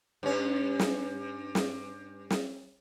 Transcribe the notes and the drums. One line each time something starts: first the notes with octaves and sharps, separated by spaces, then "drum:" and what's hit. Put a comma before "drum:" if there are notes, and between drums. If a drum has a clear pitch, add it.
G2 C#4
drum: snare
drum: snare
drum: snare